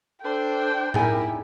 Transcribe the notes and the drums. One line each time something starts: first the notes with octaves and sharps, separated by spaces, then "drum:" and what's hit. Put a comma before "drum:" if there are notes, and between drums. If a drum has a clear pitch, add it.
D4 A4 C5 G5
D#4 E4 G4 G#4 A#4 G#5, drum: tom A2